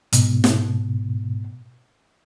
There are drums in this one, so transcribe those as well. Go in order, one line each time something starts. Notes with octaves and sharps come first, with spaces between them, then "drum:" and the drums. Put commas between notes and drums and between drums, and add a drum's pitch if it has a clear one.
G#2 B2, drum: hi-hat
drum: snare